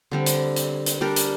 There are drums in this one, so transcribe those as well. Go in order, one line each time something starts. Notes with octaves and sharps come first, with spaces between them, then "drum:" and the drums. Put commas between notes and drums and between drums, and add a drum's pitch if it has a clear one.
D3 G3 C4
drum: hi-hat
drum: hi-hat
drum: hi-hat
G3 D4 G4 A#4
drum: hi-hat